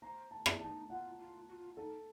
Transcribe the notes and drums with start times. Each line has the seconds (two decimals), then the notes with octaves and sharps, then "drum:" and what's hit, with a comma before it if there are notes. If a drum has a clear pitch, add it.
0.02 C5 A#5
0.31 A5
0.46 drum: rim click
0.61 D#4 A5
0.89 F4 F#5
1.19 F4
1.49 F#4
1.52 F4
1.77 D#4 A4